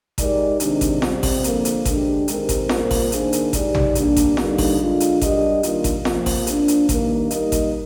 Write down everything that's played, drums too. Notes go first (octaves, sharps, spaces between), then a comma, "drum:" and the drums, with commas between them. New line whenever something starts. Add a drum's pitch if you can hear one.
G#3 D#4 G4 A#4 D5, drum: kick G#1, hi-hat
C3 D#3 G#3 D4, drum: hi-hat
drum: kick G#1, hi-hat
C3 G3 C4, drum: snare F4
drum: kick G#1, open hi-hat
F2 D3 F3 A#3, drum: hi-hat
drum: hi-hat
D3 G#3 D4 G4, drum: kick G#1, hi-hat
D#3 G#3 C4 G4 A#4, drum: hi-hat
drum: kick G#1, hi-hat
A#2 G3 A#3 F4 C5, drum: snare F4
drum: kick G#1, open hi-hat
D#3 A#3 D4 G#4 C5, drum: hi-hat
drum: hi-hat
G#3 D#4 G4 D5, drum: kick G#1, hi-hat
drum: tom A#1
G3 A#3 D4, drum: hi-hat
drum: kick G#1, hi-hat
G2 D3 G3 A#3 D#4, drum: snare F4
drum: kick G#1, open hi-hat
D3 G#3 D4 F4
drum: hi-hat
G3 D4 G4 A#4 D#5, drum: kick G#1, hi-hat
D#3 G3 A#3 D4 F4, drum: hi-hat
drum: kick G#1, hi-hat
C3 F3 A#3, drum: snare F4
drum: kick G#1, open hi-hat
F3 A#3 D4, drum: hi-hat
drum: hi-hat
G2 D#3 A#3, drum: kick G#1, hi-hat
G3 A#3 D#4 A#4 D#5, drum: hi-hat
drum: kick G#1, hi-hat